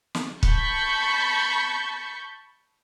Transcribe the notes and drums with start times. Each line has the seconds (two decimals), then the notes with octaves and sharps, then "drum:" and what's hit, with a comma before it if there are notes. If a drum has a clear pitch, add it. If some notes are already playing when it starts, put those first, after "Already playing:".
0.15 drum: snare
0.43 A5 B5 C#6 G6 C#7, drum: kick